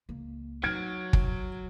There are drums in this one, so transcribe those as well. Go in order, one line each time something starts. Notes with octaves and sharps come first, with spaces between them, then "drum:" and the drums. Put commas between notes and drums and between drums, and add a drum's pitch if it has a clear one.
C#2 A#3
F#3 D#4 F6 G#6 D7
drum: kick